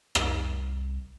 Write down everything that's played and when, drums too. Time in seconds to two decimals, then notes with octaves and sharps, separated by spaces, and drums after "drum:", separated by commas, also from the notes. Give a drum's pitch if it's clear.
0.15 C2, drum: rim click